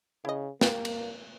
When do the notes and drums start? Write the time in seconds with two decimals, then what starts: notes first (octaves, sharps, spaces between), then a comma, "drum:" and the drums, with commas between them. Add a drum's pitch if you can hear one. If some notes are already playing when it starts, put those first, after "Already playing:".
0.25 C#3 E4 D#5
0.61 A#3 G4, drum: snare
0.85 drum: cymbal